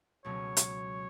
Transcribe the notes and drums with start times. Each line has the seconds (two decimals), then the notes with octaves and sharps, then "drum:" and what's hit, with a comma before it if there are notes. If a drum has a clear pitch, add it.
0.25 C#2 B2 F#3 A3 C#4 C#5
0.57 drum: hi-hat